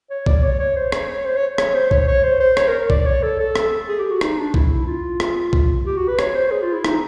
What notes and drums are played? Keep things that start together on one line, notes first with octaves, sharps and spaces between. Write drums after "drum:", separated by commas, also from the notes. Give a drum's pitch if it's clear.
C#5
D5, drum: kick B1
C#5
C#5
C5
C#5, drum: rim click
C#5
C5
C#5
C#5, drum: rim click
C5
C#5, drum: kick B1
C#5
C5
C5
C#5, drum: rim click
A#4
D5, drum: kick B1
C#5
A4
A4
drum: rim click
G#4
G4
F#4
D#4, drum: rim click
D4
E4, drum: kick B1
F4
drum: rim click
drum: kick B1
G4
F#4
B4
C#5, drum: rim click
C5
G#4
F4
E4
D#4, drum: rim click